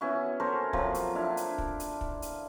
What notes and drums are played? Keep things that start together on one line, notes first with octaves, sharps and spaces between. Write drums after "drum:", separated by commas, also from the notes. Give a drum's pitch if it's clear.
B3 C#4 E4 F#4
C#4 A4 A#4 C5
C3 F3 F#3, drum: kick
drum: hi-hat
D4 E4 F5
drum: hi-hat
drum: kick
drum: hi-hat
drum: kick
drum: hi-hat